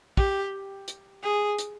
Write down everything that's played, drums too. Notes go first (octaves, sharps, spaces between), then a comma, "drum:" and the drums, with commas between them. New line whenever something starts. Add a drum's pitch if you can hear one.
G4, drum: kick
drum: hi-hat
G#4
drum: hi-hat